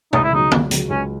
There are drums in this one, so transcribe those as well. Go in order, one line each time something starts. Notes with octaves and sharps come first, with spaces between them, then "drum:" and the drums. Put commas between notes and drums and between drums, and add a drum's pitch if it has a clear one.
C#2 D#4, drum: tom B2
E4
C#3 F#3 D#4
C#2, drum: tom
C#3 F#3, drum: hi-hat
C#2 C#4